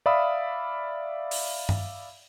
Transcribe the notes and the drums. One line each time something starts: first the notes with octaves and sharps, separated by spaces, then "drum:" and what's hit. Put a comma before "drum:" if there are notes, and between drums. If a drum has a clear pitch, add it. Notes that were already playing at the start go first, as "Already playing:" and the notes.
D5 E5 F5 B5 D#6 E6
drum: open hi-hat
drum: tom G2